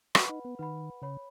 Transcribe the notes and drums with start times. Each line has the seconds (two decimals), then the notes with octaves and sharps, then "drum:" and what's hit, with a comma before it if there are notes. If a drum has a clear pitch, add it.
0.15 F#4 B4 F#5 B5, drum: rim click
0.29 D#4
0.45 B3
0.59 D#3 B4 F#5 B5
1.02 C#3 C#5 B5